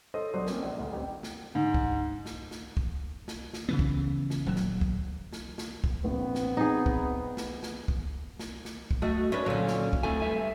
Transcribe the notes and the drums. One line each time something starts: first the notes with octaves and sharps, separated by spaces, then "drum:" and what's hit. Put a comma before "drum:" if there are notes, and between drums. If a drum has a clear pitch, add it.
A4 C5 C#5 D#5
B1 F#3 D4 C5
A#3 C4 C#4, drum: snare
A#1
D2
A1 C4
drum: snare
G#2
drum: kick
drum: snare
drum: snare
drum: kick
drum: snare
drum: snare
C#3 E3 B3
drum: kick
drum: snare
D#1 F#3
drum: snare
drum: kick
drum: snare
drum: snare
drum: kick
A#1 B3 C4
drum: snare
D#4 G#4
drum: kick
drum: snare
drum: snare
drum: kick
drum: snare
drum: snare
drum: kick
A3 F#4 D#5
C#4 D4 B4
A#2 D3 F#3 C#4
drum: snare
drum: kick
A2 C3 A3 G#5
G2 E5 G#5